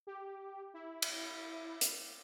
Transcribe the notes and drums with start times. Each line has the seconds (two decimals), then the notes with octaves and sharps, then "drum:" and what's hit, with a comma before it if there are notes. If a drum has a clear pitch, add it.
0.07 G4
0.74 E4
1.02 drum: cymbal
1.81 drum: hi-hat